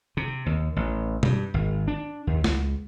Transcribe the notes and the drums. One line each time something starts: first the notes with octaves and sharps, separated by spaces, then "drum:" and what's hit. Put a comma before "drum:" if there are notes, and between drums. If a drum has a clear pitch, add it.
C3
D#2
A1
G2, drum: tom B2
G#1
D4
D#2
C#2, drum: snare